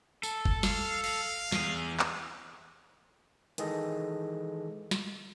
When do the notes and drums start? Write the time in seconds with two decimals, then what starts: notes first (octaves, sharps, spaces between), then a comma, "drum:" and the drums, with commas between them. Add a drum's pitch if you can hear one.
0.23 A4, drum: tambourine
0.45 drum: kick F#1
0.63 F5, drum: snare
1.04 F5, drum: cymbal
1.52 E2 G#4, drum: snare
1.99 drum: clap
3.58 D#3 E3 G#3 G#4 A4 D#5, drum: hi-hat
4.91 drum: snare